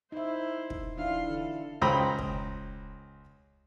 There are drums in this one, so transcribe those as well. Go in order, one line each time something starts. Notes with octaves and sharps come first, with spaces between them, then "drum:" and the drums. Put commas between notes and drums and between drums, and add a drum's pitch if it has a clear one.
D#4 E4 C5 E5
drum: kick
E3 D4 E4 F4 F5
D3 A4
C#2 C5 G5 A#5 B5 D#6
drum: kick